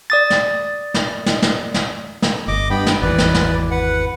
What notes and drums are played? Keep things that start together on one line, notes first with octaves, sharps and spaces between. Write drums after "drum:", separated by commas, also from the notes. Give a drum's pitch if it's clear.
D5 D#6 A6
drum: snare
drum: snare
drum: snare
drum: snare
drum: snare
drum: snare
G1 D#5 D6
G2 B3 G5 B5
drum: snare
G#1 E2 E3 B4 D5
drum: snare
drum: snare
B4 F#5